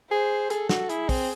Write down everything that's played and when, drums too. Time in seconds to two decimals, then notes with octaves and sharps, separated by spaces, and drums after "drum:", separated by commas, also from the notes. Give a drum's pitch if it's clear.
0.11 G#4 C5
0.50 G#4 A4, drum: hi-hat
0.69 F#4, drum: snare
0.89 E4 G#4, drum: hi-hat
1.09 C4, drum: kick, open hi-hat